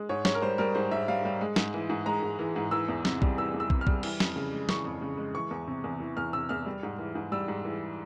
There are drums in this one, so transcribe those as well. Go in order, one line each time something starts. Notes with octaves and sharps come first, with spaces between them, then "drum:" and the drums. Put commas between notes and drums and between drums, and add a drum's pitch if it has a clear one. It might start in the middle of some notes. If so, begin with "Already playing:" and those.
Already playing: G#3
G#2 C#5
G#2 C#5, drum: snare
A#4
G3 C5
G3 A#4
G#2 C5
G#2 E5
G3 F5
G3
G#3
G#2, drum: snare
E3
G#2
G#3 A#5
G#2
E3
G#2
E3 E6
E2
C3, drum: snare
G3, drum: kick
E3 E6
E2
E6
C3, drum: kick
F6
G3, drum: kick
E3, drum: cymbal
F2, drum: snare
C#3
G#3
E3 C#6, drum: snare
F2
C#3
G#3
E3 C#6
E2
C3
E2
E3
E2 F6
C3 E6
E2 F6
G3
G#2
E3
G#2
G3 E6
G#2
E3